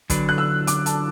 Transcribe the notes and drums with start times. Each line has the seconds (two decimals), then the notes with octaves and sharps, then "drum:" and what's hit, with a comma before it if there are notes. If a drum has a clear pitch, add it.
0.10 D3 F#3 D4 B4, drum: kick, hi-hat
0.29 F#6
0.38 E6
0.67 D6, drum: hi-hat
0.86 A5, drum: hi-hat